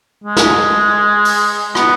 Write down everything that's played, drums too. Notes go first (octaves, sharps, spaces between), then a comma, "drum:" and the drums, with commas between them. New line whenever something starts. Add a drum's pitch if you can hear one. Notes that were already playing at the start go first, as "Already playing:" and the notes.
G#3
drum: snare
drum: open hi-hat
B3, drum: rim click